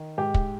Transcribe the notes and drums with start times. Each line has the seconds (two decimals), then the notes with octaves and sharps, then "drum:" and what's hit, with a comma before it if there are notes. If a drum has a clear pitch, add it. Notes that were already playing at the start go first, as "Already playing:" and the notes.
Already playing: D#3
0.18 G#2 G4
0.34 drum: kick